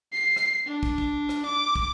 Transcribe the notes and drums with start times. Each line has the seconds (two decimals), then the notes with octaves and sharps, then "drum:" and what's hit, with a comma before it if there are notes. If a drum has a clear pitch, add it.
0.13 C7
0.36 drum: rim click
0.67 D4
0.83 drum: kick
0.98 drum: kick
1.29 drum: rim click
1.46 D6
1.76 drum: kick